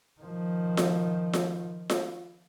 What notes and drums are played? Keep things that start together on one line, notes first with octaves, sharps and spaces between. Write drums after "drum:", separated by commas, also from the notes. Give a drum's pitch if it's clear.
D#3 F3
drum: snare F4
drum: snare F4
drum: snare F4